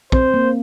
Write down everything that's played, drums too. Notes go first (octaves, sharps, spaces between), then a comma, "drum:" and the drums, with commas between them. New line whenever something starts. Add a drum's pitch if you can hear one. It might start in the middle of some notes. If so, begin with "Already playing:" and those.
C4 C5, drum: kick
A#3